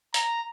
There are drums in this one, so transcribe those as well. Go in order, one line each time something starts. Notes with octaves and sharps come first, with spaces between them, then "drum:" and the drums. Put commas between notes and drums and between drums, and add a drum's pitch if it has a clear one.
A#5, drum: hi-hat